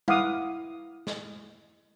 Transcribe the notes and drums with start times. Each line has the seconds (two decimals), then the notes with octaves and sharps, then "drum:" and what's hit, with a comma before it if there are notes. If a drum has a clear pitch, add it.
0.08 E4 F5 F#5 D6 D#6, drum: tom G3
1.07 drum: snare